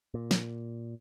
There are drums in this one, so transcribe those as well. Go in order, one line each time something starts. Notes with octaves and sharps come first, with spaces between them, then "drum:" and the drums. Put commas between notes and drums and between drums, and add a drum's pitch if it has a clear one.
A#2
drum: snare